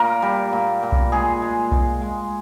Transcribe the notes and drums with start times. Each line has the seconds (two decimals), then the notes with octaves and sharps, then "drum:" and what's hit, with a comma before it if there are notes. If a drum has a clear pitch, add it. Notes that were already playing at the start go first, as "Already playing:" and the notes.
Already playing: A#2 A#4
0.22 G3
0.53 A#2
0.83 A#2
0.92 drum: kick B1
1.12 G#3 G#4
1.42 G#3
1.72 G#3, drum: kick B1
2.02 G#3